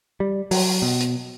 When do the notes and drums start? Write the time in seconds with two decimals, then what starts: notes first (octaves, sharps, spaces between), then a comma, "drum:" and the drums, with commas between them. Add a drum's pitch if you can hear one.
0.20 G3
0.51 F#3, drum: open hi-hat
0.82 B2
1.00 drum: hi-hat